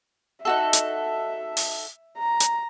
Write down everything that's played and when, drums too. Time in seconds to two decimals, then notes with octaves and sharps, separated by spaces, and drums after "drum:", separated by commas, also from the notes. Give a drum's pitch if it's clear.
0.45 D#4 F#4 A4 E5
0.73 drum: hi-hat
1.57 drum: open hi-hat
2.18 A#5
2.40 drum: hi-hat